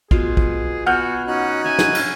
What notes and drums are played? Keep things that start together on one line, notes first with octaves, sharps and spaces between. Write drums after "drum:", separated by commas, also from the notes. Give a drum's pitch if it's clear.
B2 F4 G#4 F5, drum: kick
drum: kick
B3 F#4 F#5 G#5 F6 G6
C#4 D#4 F#4 F#6
C#4 E5 G#5 B5
drum: snare
drum: cymbal